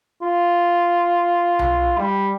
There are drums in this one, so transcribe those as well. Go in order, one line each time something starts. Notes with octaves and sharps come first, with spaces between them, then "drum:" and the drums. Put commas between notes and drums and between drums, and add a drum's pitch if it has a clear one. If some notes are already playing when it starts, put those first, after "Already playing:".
F4
drum: tom C2
G3